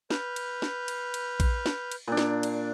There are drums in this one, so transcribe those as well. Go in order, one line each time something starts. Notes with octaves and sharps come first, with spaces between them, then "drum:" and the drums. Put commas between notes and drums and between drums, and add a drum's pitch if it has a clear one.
B4 F6 G6, drum: snare
drum: cymbal
drum: snare
drum: cymbal
drum: cymbal
drum: kick A#1, cymbal
drum: snare
drum: cymbal
A#2 A#3 D4
drum: snare
drum: cymbal